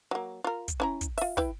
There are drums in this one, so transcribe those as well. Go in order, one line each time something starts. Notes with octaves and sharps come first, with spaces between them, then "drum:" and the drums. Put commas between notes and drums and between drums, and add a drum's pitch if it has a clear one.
F#3 A#3
F4 A#4
drum: kick, hi-hat
C#4 E4 A#5
drum: kick, hi-hat
F4 E5, drum: open hi-hat
E4 B4 G5, drum: kick